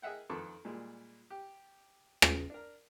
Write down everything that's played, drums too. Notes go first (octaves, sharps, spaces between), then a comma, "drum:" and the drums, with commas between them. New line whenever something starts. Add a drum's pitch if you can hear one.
G#4 A#4 D#5 E5 F#5 G5
F2 D#3 A4 B4 C#6 D6
A#2 G3 G#3
G4
drum: rim click
D4 A#4